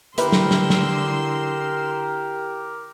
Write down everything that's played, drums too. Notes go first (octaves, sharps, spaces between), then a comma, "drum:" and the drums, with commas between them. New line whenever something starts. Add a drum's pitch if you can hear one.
D3 E4 G4 A#4 B4 C6 E6, drum: hi-hat
drum: snare
drum: snare
drum: snare